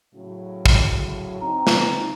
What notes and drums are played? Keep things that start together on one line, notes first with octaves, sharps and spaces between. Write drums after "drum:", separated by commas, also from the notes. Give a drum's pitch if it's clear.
A2 C#3 F#3
drum: kick
C4 D#4 A#5
drum: snare